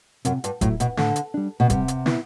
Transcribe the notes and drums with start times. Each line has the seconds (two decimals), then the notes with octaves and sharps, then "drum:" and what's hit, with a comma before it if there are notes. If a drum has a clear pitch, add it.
0.25 F#2 C3, drum: hi-hat
0.44 G2, drum: hi-hat
0.61 A2 F#3 A3 E4, drum: kick D1, hi-hat
0.80 B2, drum: hi-hat
0.97 A2 D3, drum: snare
1.16 drum: hi-hat
1.34 G3 D4
1.60 B2
1.70 C3 G3, drum: kick D1, hi-hat
1.88 drum: hi-hat
2.06 B3 E4 B4 E5, drum: snare